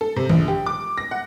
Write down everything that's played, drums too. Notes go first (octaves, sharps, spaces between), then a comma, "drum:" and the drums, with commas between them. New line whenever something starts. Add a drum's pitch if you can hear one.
A4
C3
A#1, drum: tom D#3
G4
D6
A#6
F#5